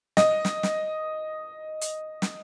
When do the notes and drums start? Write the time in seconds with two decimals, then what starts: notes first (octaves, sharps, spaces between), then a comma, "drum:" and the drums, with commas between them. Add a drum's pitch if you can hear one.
0.17 D#5, drum: snare
0.45 drum: snare
0.63 drum: snare
1.81 drum: hi-hat
2.22 drum: snare